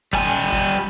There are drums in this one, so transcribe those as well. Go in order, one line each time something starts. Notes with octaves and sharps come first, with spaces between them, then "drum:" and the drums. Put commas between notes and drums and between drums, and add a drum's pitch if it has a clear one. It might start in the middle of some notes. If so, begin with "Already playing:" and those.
G3 G#5, drum: kick, open hi-hat
drum: hi-hat
drum: hi-hat
drum: kick, hi-hat